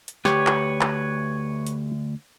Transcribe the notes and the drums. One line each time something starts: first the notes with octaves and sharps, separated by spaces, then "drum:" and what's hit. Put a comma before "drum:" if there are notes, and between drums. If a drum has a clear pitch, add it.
drum: hi-hat
D2 G4 B4 C#5, drum: snare
drum: clap
drum: clap
drum: hi-hat